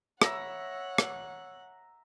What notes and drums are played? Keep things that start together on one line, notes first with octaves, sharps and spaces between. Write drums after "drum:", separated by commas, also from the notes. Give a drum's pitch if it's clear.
C#5 E5 F#5 A#5 E6, drum: rim click
drum: rim click